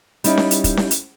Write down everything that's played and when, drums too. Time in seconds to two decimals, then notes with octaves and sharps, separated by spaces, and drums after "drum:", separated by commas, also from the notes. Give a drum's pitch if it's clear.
0.24 G3 C#4 D#4 E4, drum: hi-hat
0.37 drum: snare C#4
0.51 drum: hi-hat
0.64 drum: kick, hi-hat
0.77 drum: snare C#4
0.91 drum: hi-hat